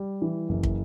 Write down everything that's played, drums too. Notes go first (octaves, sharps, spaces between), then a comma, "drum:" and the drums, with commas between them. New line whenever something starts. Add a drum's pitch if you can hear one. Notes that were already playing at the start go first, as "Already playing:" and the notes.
Already playing: G3
E3
F#1
drum: kick